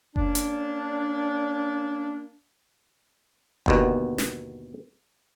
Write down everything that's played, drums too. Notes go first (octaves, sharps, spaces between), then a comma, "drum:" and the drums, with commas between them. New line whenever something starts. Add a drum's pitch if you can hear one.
A#3 C#4 D4, drum: kick F#1
drum: hi-hat
G1 D#2 B2, drum: kick F#1
drum: snare